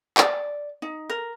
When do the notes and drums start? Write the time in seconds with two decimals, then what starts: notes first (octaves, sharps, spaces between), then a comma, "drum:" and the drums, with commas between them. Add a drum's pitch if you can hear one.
0.17 D5, drum: clap
0.82 D#4
1.10 A#4